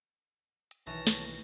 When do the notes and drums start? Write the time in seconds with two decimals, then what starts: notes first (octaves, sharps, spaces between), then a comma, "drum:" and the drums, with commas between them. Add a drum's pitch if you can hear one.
0.71 drum: hi-hat
0.87 B1 D#3 E3 C#5 A5 A#6
1.07 drum: snare